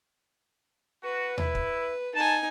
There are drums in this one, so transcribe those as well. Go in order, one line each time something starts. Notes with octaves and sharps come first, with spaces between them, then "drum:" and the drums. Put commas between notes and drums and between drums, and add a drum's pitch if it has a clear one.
F#4 B4
E4, drum: tom D#2
drum: kick
D#4 G#5 A5